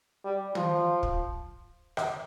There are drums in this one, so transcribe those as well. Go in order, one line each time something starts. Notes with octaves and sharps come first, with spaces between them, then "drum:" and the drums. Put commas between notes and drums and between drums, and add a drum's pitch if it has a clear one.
G3
F3, drum: tom
drum: kick
drum: rim click